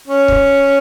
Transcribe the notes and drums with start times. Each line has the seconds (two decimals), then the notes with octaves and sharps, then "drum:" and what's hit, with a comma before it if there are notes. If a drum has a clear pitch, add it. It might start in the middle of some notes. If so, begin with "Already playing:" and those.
0.08 C#4
0.28 drum: kick